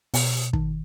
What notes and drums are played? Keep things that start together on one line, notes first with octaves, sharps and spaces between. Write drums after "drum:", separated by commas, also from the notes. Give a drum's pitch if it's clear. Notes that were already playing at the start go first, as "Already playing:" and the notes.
B2, drum: open hi-hat
D#3, drum: kick